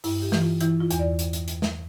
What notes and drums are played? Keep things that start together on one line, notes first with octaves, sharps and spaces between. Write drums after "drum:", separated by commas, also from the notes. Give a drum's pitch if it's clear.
G2 E4, drum: open hi-hat
G4
E3, drum: snare
F4
E3 E4, drum: hi-hat
F4
E2, drum: hi-hat
D5
drum: hi-hat
drum: hi-hat
drum: hi-hat
drum: snare